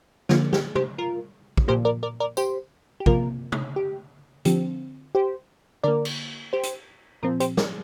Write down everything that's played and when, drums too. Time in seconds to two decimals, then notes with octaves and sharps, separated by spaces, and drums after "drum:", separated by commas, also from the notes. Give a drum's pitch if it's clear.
0.29 D3 F3 A#3 F4, drum: snare
0.53 G4, drum: snare
0.75 G4 C5, drum: tom C3
0.98 F4 A#4
1.57 drum: kick
1.68 A#2 F3 A#3 G4 C5
1.85 A#4 D5
2.03 A#4 D5
2.20 A#4 D5
2.37 G4 C5, drum: tambourine
3.00 G4
3.06 C3 F3 A#3 F4 A#4, drum: kick
3.52 drum: tom C3
3.76 G4
4.45 D3 F3 C4 G4, drum: hi-hat
5.15 G4 C5
5.83 D3 A#3 A#4 D5
6.05 drum: cymbal
6.53 G4 C5
6.63 drum: hi-hat
7.22 A#2 F3 C4 F4 A#4
7.40 G4 C5, drum: hi-hat
7.57 A#4 D5, drum: snare